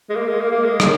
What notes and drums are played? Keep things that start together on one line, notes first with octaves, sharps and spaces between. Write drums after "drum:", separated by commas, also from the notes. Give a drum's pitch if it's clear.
G#3
A#3
G#3
A#3
A#3
G#3
drum: rim click